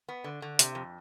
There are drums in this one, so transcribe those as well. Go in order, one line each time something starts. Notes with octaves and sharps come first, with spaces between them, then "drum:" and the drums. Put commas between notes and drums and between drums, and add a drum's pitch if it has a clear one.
B3
D3
D3
C3, drum: hi-hat
F2